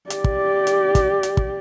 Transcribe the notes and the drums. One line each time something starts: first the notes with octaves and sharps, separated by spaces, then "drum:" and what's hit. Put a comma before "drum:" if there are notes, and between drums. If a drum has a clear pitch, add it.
G4 D5, drum: hi-hat
drum: kick
drum: hi-hat
drum: kick, hi-hat
drum: hi-hat
drum: kick